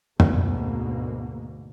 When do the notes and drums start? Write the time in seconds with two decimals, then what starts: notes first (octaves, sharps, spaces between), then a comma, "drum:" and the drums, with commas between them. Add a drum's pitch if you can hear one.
0.20 D2 G#2 B2 A#3, drum: tom